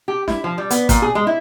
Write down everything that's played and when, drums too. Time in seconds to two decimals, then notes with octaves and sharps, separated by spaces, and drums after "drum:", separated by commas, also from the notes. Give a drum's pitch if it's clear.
0.08 G4
0.28 E4, drum: snare
0.44 F3
0.58 G3
0.70 B3, drum: hi-hat
0.89 A#2, drum: kick, hi-hat
1.02 G#4
1.15 G#3
1.27 E4